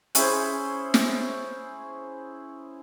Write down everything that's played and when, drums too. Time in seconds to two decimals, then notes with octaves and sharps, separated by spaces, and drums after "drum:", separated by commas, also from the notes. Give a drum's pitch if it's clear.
0.15 C#4 E4 G#4 C5, drum: hi-hat
0.94 drum: snare